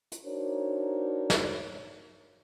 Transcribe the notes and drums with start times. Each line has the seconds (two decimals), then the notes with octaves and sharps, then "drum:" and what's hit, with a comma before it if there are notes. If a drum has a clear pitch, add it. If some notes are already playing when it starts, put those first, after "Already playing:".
0.12 drum: hi-hat
0.25 D4 D#4 F#4 A#4 C5 C#5
1.30 drum: snare